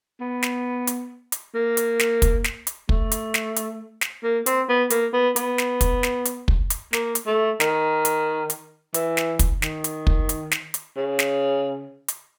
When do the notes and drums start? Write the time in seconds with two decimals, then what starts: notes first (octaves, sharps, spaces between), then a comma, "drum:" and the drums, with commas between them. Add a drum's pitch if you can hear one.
0.20 B3
0.43 drum: snare
0.87 drum: hi-hat
1.32 drum: hi-hat
1.55 A#3
1.77 drum: hi-hat
1.99 drum: snare
2.22 drum: kick, hi-hat
2.44 drum: snare
2.67 drum: hi-hat
2.89 A3, drum: kick
3.12 drum: hi-hat
3.34 drum: snare
3.56 drum: hi-hat
4.01 drum: snare
4.24 A#3
4.46 C4, drum: hi-hat
4.69 B3
4.90 A#3, drum: hi-hat
5.13 B3
5.36 B3, drum: hi-hat
5.58 drum: snare
5.81 drum: kick, hi-hat
6.03 drum: snare
6.25 drum: hi-hat
6.48 drum: kick
6.70 drum: hi-hat
6.93 A#3, drum: snare
7.15 drum: hi-hat
7.27 A3
7.60 D#3, drum: snare
8.05 drum: hi-hat
8.50 drum: hi-hat
8.94 E3, drum: hi-hat
9.17 drum: snare
9.39 drum: kick, hi-hat
9.62 D#3, drum: snare
9.84 drum: hi-hat
10.07 drum: kick
10.29 drum: hi-hat
10.51 drum: snare
10.74 drum: hi-hat
10.96 C#3
11.19 drum: snare
12.08 drum: hi-hat